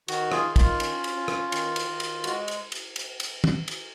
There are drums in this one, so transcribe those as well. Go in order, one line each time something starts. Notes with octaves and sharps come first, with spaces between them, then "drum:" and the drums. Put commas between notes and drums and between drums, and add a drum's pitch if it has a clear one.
D#3 F#4, drum: cymbal
F4 G#4, drum: rim click
D#3
F4, drum: kick, cymbal
C#4, drum: cymbal
drum: cymbal
C#4
drum: rim click
D#3, drum: cymbal
drum: cymbal
D#3
drum: cymbal
G#3 F#4, drum: cymbal
drum: cymbal
drum: cymbal
drum: cymbal
drum: cymbal
drum: tom
drum: cymbal